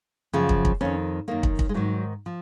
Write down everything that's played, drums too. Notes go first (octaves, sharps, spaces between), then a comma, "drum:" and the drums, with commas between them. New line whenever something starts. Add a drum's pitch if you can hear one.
F#2 C#3 F3
drum: kick
drum: kick
F2 D#3 C#4
F#2 D#3 A#3
drum: kick
drum: kick
G#3
G#2 D#3 F#3
F3